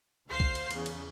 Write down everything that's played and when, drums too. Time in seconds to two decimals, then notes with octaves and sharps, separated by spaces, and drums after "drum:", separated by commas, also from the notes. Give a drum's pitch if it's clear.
0.28 D2 C5 F5 C7
0.40 drum: kick B1
0.55 drum: cymbal
0.71 E2 C#3, drum: cymbal
0.86 drum: cymbal